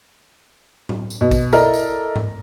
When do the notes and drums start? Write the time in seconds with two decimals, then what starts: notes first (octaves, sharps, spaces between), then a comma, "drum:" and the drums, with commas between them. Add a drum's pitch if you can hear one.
0.89 drum: tom
1.10 drum: tambourine
1.21 B2
1.31 drum: kick A1, tambourine
1.52 E4 A4 A#4 D5 D#5, drum: tambourine
1.74 drum: tambourine
2.16 drum: tom G#2